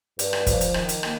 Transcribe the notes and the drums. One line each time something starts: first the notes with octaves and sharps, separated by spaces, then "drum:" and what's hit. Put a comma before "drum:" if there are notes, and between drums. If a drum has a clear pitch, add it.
G2, drum: hi-hat
drum: rim click
F3, drum: kick, hi-hat
drum: hi-hat
D#3, drum: rim click
drum: hi-hat
A#3, drum: rim click